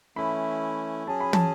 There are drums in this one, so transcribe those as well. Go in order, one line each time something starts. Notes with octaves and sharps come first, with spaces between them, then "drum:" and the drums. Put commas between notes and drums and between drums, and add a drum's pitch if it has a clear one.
E3 A3 C#4 E4 B5
F#3 C#4 G#4 A5
B5
A5, drum: tom